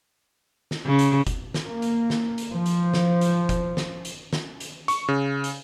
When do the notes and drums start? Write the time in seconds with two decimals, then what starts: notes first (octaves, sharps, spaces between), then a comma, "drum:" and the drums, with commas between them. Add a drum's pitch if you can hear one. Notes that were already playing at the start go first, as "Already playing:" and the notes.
0.71 drum: snare
0.86 C#3
0.99 drum: hi-hat
1.27 drum: kick F1, hi-hat
1.54 drum: snare
1.66 A#3
1.82 drum: hi-hat
2.10 drum: snare
2.38 drum: hi-hat
2.53 F3
2.66 drum: hi-hat
2.93 drum: snare
3.21 drum: hi-hat
3.49 drum: kick F1, hi-hat
3.77 drum: snare
4.05 drum: hi-hat
4.33 drum: snare
4.60 drum: hi-hat
4.88 C#6, drum: hi-hat
5.08 C#3
5.44 drum: hi-hat